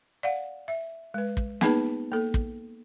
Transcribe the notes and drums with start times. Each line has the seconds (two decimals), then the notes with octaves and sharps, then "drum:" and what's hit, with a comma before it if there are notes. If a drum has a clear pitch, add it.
0.23 D5 F5 F#5
0.68 E5
1.14 G#3 B4
1.37 drum: kick
1.61 A#3 B3 D#4 G#4 B4 A5, drum: snare
2.12 A#3 A4
2.34 drum: kick